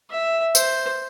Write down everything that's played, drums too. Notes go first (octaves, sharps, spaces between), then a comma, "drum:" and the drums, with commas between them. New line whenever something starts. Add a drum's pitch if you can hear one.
E5
C5, drum: tambourine